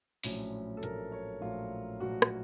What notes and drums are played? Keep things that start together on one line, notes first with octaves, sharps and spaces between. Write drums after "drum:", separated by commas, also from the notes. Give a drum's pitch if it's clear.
A#1 A2 F#3 C#4, drum: open hi-hat
A4
A#1 A2 F#3 A#4, drum: hi-hat
C#5
A#1 A2 F#3 F4
A#1 A2 F#3 F#4
drum: rim click